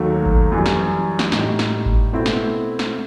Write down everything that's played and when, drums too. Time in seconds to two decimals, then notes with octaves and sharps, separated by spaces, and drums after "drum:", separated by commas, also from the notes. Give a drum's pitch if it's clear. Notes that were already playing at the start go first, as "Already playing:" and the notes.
Already playing: D#2 D#3 F#3 A3
0.26 drum: kick G#1
0.52 F#2 E3 G3
0.66 drum: snare
1.19 drum: snare
1.32 A2 G3 D#4 G4, drum: snare
1.59 drum: snare
1.86 drum: kick G#1
2.13 B2 A3 C4 E4
2.26 drum: snare
2.79 drum: snare